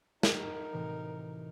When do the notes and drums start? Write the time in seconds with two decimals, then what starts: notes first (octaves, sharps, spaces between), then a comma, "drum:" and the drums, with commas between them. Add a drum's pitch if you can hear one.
0.23 D#4 F#4 A#4, drum: snare
0.73 A2 C3 E3